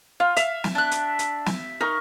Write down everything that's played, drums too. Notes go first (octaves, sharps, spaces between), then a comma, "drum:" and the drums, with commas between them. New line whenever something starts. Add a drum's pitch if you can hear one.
F4 F5
E5 F5, drum: hi-hat
drum: snare
D4 F#6
drum: hi-hat
drum: hi-hat
drum: snare
D#4 A#4 C#6